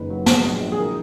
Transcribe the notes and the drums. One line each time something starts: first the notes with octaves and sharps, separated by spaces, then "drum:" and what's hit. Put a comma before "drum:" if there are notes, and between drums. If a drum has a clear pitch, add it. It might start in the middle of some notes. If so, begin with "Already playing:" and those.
Already playing: F#1 D#3 B4
F#3
G#3, drum: snare
A#1
A#1
G#4
E3 A#4